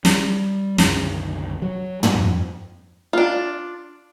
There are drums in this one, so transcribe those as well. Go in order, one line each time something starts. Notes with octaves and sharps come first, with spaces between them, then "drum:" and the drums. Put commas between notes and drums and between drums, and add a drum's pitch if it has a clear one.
G3, drum: snare
C2 F#2 D3 D#3, drum: snare
F#3
G3, drum: tom
F2
D4 F4